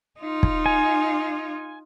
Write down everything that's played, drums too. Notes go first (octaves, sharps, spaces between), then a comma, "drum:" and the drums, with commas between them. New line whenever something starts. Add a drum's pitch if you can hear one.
D#4 F4
drum: kick
G#5